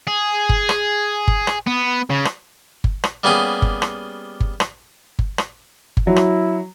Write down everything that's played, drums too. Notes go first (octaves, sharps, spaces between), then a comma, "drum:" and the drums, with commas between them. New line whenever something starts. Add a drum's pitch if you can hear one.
G#4
drum: kick G1
drum: rim click
drum: kick G1
drum: rim click
B3
C#3
drum: rim click
drum: kick G1
drum: rim click
G3 A#3 B3 C#4 G4 G#4
drum: kick G1
drum: rim click
drum: kick G1
drum: rim click
drum: kick G1
drum: rim click
drum: kick G1
F#3 E4
drum: rim click